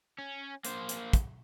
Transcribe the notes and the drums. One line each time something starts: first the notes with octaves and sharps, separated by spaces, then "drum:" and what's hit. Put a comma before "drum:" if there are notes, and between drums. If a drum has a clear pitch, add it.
C#4
A#3 C5, drum: hi-hat
drum: hi-hat
drum: kick, hi-hat